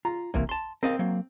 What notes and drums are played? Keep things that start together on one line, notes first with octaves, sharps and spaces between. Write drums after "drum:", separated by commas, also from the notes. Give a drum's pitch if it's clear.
F4 A#5
C3 E3 A#3, drum: kick
A5 C6
C4 A#4 D#5 F5
F#3 A#3